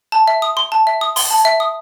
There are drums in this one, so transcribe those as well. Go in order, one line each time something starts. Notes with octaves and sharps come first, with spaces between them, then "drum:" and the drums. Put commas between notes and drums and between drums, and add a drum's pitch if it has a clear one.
A5
E5
D#6
C6
A5
E5
D#6
C6, drum: open hi-hat
A5
E5
D#6